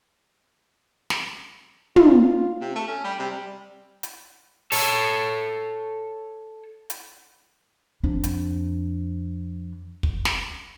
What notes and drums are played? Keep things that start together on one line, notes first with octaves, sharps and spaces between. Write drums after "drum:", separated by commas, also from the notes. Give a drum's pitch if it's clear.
drum: snare
F4, drum: tom
C3
A3
C#4
G3
C3
G3
drum: hi-hat
A4 C#5, drum: open hi-hat
drum: hi-hat
F2 D4
drum: hi-hat
drum: kick
drum: snare